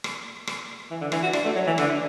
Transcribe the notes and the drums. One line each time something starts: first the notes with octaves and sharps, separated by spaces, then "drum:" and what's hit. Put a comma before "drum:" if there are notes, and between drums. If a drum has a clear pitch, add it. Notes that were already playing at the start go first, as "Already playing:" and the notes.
drum: rim click
drum: rim click
E3
D3
E3, drum: rim click
F#4
D4, drum: rim click
A3
F#3
E3
D3, drum: rim click